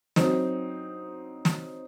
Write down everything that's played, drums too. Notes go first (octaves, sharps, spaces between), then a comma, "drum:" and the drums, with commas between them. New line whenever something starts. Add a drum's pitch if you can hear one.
F#3 C4 D#4, drum: snare
drum: snare